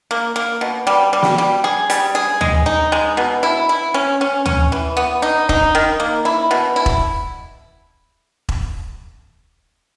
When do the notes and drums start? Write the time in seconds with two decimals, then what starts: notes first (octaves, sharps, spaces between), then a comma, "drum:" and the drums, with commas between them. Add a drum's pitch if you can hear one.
0.11 A#3
0.36 A#3
0.61 B2
0.87 G3
1.13 G3
1.22 drum: snare
1.38 G3
1.64 G#4
1.90 G3, drum: hi-hat
2.15 G#4
2.41 G#3, drum: tom D2
2.66 D#4
2.92 G#3
3.17 B2
3.43 E4
3.69 E4
3.94 C#4
4.21 C#4
4.46 C#4, drum: tom D2
4.72 E3
4.97 B3
5.22 D#4
5.49 D#4, drum: kick E1
5.75 D#3
6.00 A#3
6.25 E4
6.51 B2
6.76 E4
6.86 drum: kick E1
8.49 drum: kick E1